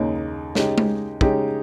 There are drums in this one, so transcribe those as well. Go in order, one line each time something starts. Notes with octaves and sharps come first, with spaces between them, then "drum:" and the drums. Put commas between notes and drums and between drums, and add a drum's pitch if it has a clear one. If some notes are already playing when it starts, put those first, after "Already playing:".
Already playing: D#2 C#3 G#3 D#4
C#3 G#3 D#4 G4, drum: snare
drum: tom G#3
C#3 G#3 D#4 G4, drum: kick